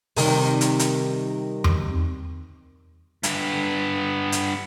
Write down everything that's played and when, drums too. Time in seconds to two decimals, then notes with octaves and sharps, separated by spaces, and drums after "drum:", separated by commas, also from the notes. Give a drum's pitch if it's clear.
0.16 C3 D#3 G3, drum: open hi-hat
0.61 drum: hi-hat
0.79 drum: hi-hat
1.64 drum: tom E2
3.23 G2 B3, drum: hi-hat
4.32 drum: hi-hat